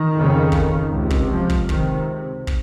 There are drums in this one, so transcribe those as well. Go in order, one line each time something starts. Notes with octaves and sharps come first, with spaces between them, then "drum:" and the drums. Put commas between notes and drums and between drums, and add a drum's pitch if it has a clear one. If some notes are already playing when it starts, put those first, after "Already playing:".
Already playing: D#3
F2 C#3
drum: kick
C#2 C3
drum: kick
F3
drum: kick
C#2 C3 D#3, drum: kick
drum: kick